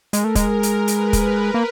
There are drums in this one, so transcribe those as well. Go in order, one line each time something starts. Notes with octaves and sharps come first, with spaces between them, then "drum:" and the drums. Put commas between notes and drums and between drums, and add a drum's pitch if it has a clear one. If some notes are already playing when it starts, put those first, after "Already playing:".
G#3 A#4, drum: hi-hat
A3
G#3, drum: kick, hi-hat
drum: hi-hat
B4, drum: hi-hat
drum: kick, hi-hat
A#3